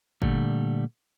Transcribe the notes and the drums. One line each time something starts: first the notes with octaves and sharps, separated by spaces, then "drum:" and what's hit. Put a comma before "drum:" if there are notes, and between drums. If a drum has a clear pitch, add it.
A#2 D3 G3 A3, drum: kick G1